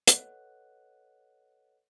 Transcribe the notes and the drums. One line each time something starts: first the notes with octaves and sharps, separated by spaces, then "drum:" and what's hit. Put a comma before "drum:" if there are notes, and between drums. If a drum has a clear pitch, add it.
A4 B4 C#5 D#5 F#5 F#6, drum: hi-hat